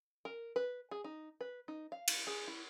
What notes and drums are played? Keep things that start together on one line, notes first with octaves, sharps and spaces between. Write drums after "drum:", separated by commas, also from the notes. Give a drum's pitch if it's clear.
A#4
B4
G#4
D#4
B4
D#4
F5
drum: cymbal
G#4
E4